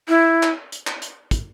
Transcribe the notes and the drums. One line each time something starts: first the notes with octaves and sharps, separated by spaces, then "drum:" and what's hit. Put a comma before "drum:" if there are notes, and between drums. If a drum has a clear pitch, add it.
E4
drum: clap
drum: hi-hat
drum: clap
drum: hi-hat
drum: kick, hi-hat